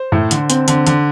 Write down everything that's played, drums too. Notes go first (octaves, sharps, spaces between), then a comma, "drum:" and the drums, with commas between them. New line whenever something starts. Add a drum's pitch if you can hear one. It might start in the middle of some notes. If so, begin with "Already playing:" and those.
Already playing: C5
A2
D3, drum: hi-hat
C4, drum: hi-hat
D3, drum: hi-hat
D3, drum: hi-hat